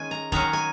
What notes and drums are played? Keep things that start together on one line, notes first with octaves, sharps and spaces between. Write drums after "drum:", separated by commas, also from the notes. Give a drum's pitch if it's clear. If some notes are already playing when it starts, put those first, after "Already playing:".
Already playing: D#3 G#3 C#4 G#5
A#5
D#3 F#3 C#4 A#5, drum: kick
G#5